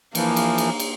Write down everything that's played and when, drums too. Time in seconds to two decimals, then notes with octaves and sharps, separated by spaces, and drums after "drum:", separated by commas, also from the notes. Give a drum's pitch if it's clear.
0.15 E3 F3 A#3, drum: cymbal
0.36 drum: cymbal
0.58 drum: cymbal
0.80 drum: cymbal